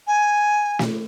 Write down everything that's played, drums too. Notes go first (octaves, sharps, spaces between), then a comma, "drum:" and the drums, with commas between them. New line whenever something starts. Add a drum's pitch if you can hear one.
G#5
drum: snare